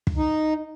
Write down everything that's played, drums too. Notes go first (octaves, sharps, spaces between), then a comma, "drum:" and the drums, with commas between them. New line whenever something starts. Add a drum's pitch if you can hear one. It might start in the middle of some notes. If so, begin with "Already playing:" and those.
drum: kick
D#4